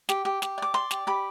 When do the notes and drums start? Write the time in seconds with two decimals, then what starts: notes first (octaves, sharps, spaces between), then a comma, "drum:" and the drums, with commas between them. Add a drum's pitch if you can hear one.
0.09 G4, drum: snare
0.25 G4
0.42 G4, drum: snare
0.58 D5 D6
0.74 D5 C6
0.91 G4, drum: snare
1.07 G4 B5